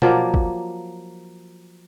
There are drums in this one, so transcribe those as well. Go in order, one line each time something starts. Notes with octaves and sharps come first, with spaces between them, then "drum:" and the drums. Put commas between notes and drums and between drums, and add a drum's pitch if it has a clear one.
F3 F#3 A#3 D5, drum: tom B2
drum: kick